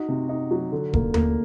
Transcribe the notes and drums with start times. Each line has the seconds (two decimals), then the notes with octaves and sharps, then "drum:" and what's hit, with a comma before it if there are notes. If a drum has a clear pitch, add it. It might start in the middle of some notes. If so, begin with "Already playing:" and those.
Already playing: D#4 F#4
0.08 C3
0.29 D#4
0.51 F#3
0.72 D3
0.93 A#3, drum: kick E1
1.14 A#3, drum: tom D#2